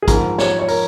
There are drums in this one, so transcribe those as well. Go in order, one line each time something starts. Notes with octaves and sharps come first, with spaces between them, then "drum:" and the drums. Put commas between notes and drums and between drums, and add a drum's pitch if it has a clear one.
G#4
A#1 G#2 F3 A#4, drum: kick, hi-hat
C#5, drum: snare
C#5
A#4, drum: open hi-hat